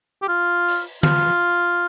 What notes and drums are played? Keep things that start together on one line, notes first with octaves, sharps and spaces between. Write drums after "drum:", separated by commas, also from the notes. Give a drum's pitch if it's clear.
G4
F4
drum: open hi-hat
F4, drum: tom D3